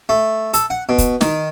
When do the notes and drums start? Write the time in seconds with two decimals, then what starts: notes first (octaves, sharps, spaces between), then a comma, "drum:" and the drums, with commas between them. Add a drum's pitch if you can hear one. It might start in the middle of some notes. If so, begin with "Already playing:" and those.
0.09 A3
0.54 A4, drum: hi-hat
0.70 F#5
0.89 B2
0.98 drum: kick, hi-hat
1.21 D#3, drum: snare